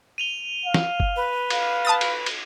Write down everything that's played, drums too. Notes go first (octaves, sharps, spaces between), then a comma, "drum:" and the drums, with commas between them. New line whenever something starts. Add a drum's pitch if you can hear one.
D#7 F7 G7
F5
drum: snare
drum: kick G1
B4
F5, drum: cymbal
A5 D#6 A6
drum: cymbal
drum: cymbal